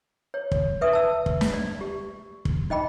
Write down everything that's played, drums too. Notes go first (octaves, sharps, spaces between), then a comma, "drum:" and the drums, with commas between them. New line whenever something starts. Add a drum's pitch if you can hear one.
C#5
drum: kick
B4 E5 D#6
A5 E6
drum: kick
drum: snare
D5
G4
drum: kick
D#4 D#5 G5 B5